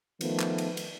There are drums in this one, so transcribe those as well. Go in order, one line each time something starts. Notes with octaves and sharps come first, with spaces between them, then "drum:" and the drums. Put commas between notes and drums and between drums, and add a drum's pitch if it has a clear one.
D#3 F3 A3 B3, drum: cymbal
drum: clap
drum: cymbal
drum: cymbal